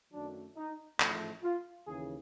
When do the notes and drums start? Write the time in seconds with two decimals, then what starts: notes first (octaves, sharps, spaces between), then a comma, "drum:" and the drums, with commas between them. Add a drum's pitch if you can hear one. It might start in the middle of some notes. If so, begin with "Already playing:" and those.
0.13 F#2 D#3 F#3 A3 D4
0.57 D#4
1.00 A1 G#2 F3 A3, drum: clap
1.43 F4
1.87 D#2 C#3 E3 G#4